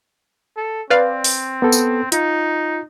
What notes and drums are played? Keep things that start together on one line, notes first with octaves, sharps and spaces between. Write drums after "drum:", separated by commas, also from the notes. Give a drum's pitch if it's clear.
A4
C4 B4 D5 F5
drum: open hi-hat
B3 A4
drum: tambourine
D#4 F4, drum: hi-hat